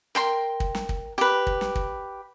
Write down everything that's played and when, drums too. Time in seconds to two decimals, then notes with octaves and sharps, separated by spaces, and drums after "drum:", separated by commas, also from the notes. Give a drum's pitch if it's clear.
0.15 A#4 G5 C6
0.60 drum: kick
0.75 drum: snare
0.89 drum: kick
1.18 G4 B4
1.47 drum: kick
1.61 drum: snare
1.75 drum: kick